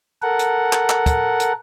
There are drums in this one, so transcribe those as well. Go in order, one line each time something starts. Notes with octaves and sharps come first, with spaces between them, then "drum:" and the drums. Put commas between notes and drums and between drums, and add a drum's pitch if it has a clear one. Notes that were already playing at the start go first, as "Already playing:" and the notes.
A4 A#4 F#5
drum: hi-hat
drum: clap
drum: clap
drum: kick, hi-hat
drum: hi-hat